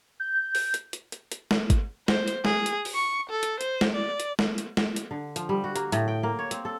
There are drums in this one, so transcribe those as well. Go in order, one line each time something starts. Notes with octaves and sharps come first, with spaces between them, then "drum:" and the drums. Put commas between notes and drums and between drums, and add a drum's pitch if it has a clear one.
G6
drum: open hi-hat
drum: hi-hat
drum: hi-hat
drum: hi-hat
drum: hi-hat
drum: snare
drum: kick G#1, hi-hat
C5, drum: snare
drum: hi-hat
G#4, drum: snare
drum: hi-hat
drum: open hi-hat
C#6
A4
drum: hi-hat
C5, drum: hi-hat
drum: snare
D5
drum: hi-hat
drum: snare
drum: hi-hat
drum: snare
drum: hi-hat
D3
F3, drum: hi-hat
G3
F#4
A#3, drum: hi-hat
A2, drum: hi-hat
G5
A#3
C#5
C4, drum: hi-hat
A4